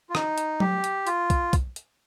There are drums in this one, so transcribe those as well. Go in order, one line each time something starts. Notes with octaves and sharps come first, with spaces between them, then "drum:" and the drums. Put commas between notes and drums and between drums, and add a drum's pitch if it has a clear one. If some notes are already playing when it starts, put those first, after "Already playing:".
F4
D#4, drum: rim click
drum: hi-hat
G4, drum: tom F#3
drum: hi-hat
F4, drum: hi-hat
drum: kick, hi-hat
drum: kick, hi-hat
drum: hi-hat